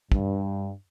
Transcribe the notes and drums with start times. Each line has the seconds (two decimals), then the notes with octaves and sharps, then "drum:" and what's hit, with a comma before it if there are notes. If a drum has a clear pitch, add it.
0.12 G2, drum: kick